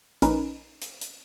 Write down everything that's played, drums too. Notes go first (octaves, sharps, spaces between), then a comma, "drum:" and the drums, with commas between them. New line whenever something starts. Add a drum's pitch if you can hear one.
A#1 C#4 D#4 A#4 B4, drum: hi-hat
drum: hi-hat
drum: hi-hat